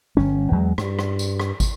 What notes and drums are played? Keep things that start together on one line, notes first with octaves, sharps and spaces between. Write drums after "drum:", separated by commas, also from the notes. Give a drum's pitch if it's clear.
G1 C#4, drum: tom G3
E2 F#3 G#3
G2, drum: rim click
drum: rim click
drum: tambourine
drum: rim click
drum: kick, tambourine